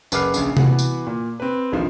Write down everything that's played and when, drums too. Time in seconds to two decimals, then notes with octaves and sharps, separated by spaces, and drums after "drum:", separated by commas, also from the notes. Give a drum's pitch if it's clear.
0.12 F#1 B4 F#5 D6 F6 C7, drum: tambourine
0.34 A#1 C#3, drum: tambourine
0.57 E3 B3 F#4, drum: tom C3
0.79 drum: tambourine
1.07 A#2
1.40 C4 B4
1.72 F1 A#1 D#3 F3